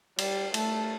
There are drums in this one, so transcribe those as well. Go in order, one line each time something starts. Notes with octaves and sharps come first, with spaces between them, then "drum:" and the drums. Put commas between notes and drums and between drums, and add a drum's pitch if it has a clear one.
G3, drum: cymbal
A3, drum: cymbal